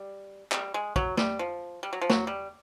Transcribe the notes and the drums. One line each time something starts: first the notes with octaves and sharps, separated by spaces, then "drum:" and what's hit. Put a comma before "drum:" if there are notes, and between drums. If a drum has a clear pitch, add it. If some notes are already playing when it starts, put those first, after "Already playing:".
Already playing: G3
G3, drum: clap
G#3
F#3, drum: kick
G3, drum: snare
F3
G3
F#3
F3
F#3, drum: snare
G3